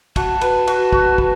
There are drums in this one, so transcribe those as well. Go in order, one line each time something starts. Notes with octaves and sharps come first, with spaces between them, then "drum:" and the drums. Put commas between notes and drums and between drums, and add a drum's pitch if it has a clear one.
F#4 A5, drum: kick, cymbal
B4, drum: cymbal
F#4, drum: cymbal
F#4, drum: kick
B4, drum: kick